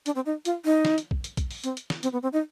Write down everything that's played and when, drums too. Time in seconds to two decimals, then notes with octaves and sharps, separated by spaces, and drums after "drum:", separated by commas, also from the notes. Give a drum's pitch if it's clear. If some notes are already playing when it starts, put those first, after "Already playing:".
0.06 D4, drum: hi-hat
0.15 C4
0.26 D#4
0.45 F4, drum: hi-hat
0.65 D#4
0.85 drum: snare
0.98 drum: hi-hat
1.11 drum: kick
1.24 drum: hi-hat
1.37 drum: kick, hi-hat
1.51 drum: open hi-hat
1.64 C4, drum: hi-hat
1.77 drum: hi-hat
1.90 drum: snare
2.03 C4, drum: hi-hat
2.13 B3
2.23 C4
2.33 D#4